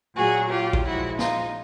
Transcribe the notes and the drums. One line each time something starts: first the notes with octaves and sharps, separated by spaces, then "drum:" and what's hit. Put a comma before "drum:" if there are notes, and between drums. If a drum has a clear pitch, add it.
A#2 F#3 F#4 G#4
F4 G4
drum: kick
A#2 F3 G#3 E4 F#4
D#4 F4, drum: snare